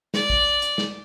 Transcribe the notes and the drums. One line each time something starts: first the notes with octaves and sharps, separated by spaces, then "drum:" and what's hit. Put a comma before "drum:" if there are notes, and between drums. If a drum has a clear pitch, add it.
D5, drum: snare
drum: kick
drum: hi-hat
drum: snare